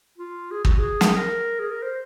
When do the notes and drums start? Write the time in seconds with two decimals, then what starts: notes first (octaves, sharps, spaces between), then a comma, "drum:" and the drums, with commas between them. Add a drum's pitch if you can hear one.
0.18 F4
0.51 G#4
0.65 F#4, drum: kick
0.78 G#4
1.01 drum: snare
1.16 A#4
1.59 G#4
1.71 A#4
1.82 C5